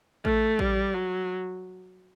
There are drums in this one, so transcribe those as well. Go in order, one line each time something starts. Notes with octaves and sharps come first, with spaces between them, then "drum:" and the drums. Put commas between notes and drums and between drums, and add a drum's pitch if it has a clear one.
A3, drum: kick A1
G3, drum: kick A1
F#3